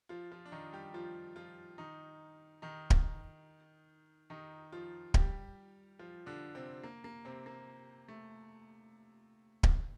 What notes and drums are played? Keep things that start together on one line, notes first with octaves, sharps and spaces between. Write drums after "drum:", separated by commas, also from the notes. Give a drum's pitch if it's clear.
F3 F4
F3 F4
D4
D#3 D#4
G3 G4
F3 F4
F3 F4
D#3 D#4
D#3 D#4
drum: kick D1
D#3 D#4
F3 F4
G3 G4, drum: kick D1
F3 F4
D3 D4
C3 C4
A#3
A#3
C3 C4
A#3
A3
drum: kick D1